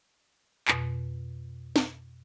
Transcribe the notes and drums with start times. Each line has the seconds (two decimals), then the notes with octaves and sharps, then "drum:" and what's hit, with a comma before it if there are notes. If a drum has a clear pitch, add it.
0.68 F2 B2, drum: clap
1.76 drum: snare